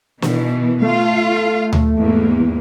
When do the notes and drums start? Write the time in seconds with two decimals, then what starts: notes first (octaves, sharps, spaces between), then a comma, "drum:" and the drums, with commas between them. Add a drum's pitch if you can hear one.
0.22 B2 D#3 E3, drum: snare
0.82 A3 F4 F5
1.73 drum: tom D2
1.97 E2 G#2 A#3